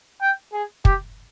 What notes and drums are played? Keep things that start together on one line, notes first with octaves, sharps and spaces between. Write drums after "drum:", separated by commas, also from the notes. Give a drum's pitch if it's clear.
G5
G#4
G4, drum: kick